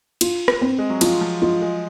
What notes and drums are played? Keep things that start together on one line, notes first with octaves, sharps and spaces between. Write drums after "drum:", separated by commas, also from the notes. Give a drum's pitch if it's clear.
F4, drum: cymbal
drum: rim click
C4
G#3
F#3
F3 F4, drum: cymbal
F3
G#3 F4
G#3